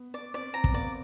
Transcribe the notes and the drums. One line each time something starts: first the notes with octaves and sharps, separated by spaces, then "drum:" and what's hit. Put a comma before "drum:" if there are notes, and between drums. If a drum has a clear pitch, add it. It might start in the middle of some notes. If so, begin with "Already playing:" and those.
Already playing: B3
D5
C4 D5
C4 A#5
B3, drum: kick
A#3 D5